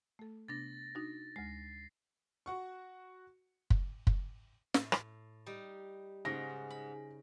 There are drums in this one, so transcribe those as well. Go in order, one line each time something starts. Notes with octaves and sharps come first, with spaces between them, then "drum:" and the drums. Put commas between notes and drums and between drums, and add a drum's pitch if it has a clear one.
A3 A4
C3 B3 D4 A6 A#6
D4 D#4 F#4
D2 G#3 C7
F#4 F#5 C#6
drum: kick
drum: kick
A2, drum: snare
drum: rim click
G3 D#4
G#2 C#3 A#6
B5